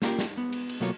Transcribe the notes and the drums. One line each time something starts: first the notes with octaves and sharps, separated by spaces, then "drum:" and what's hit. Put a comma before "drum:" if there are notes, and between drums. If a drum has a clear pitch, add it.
A#3 C#4 F4 G4 A#4, drum: snare
drum: snare
B3
drum: cymbal
drum: cymbal
B2 F#3 A3 A#3 F4 C#5